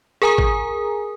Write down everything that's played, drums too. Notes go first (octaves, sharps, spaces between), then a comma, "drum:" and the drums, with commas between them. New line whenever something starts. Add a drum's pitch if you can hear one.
G#4 A#4 G#5 A#5 D#6
drum: kick G#1